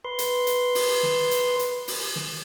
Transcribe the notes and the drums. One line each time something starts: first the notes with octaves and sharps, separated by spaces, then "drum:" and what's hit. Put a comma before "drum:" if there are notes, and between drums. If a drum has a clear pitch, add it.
B4 C6
drum: hi-hat
drum: hi-hat
drum: open hi-hat
drum: snare
drum: hi-hat
drum: hi-hat
drum: open hi-hat
drum: snare